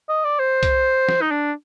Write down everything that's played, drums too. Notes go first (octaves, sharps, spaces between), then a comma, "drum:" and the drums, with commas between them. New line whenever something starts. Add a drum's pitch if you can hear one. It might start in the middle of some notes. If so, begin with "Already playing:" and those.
D#5
D5
C5
drum: kick C2, hi-hat
drum: snare
D#4
D4